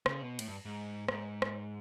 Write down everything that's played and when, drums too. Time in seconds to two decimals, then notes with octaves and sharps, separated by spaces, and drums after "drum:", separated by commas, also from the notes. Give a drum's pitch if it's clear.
0.06 C#3, drum: rim click
0.22 B2
0.39 A2, drum: cymbal
0.48 G2
0.65 G#2
1.08 G#2, drum: rim click
1.42 drum: rim click